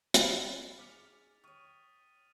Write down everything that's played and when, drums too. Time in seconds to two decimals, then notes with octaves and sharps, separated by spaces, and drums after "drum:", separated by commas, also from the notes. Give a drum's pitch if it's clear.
0.14 A4 F#5 B5 A6, drum: hi-hat
0.79 C#4 D#4 G#4 D6 F6 B6 C#7 F7
1.44 C#5 G5 C#6 D#6 F6 D#7